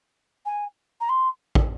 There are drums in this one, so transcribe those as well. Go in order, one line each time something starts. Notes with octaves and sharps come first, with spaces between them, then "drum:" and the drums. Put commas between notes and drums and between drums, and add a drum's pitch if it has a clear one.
G#5
A#5
C6
drum: kick